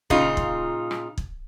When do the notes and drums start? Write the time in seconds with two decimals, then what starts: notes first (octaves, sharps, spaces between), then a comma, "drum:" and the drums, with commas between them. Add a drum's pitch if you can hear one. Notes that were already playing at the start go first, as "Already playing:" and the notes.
0.10 A#2 C#3 D#4 F4, drum: kick
0.37 drum: kick
0.91 drum: rim click
1.18 drum: kick